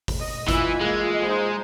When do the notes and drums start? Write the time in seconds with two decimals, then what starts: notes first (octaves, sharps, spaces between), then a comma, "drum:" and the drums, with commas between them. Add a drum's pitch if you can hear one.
0.08 drum: kick G1, open hi-hat
0.20 D#5
0.49 E3 F4 B4 D#5 E5 G#5, drum: kick G1, hi-hat
0.81 E3 G#3 A#3
1.22 D#4 G#4 C5